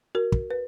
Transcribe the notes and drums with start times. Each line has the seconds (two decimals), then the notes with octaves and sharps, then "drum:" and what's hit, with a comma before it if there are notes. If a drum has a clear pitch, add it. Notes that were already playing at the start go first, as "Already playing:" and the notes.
0.15 F#4 A#4
0.32 drum: kick
0.51 B4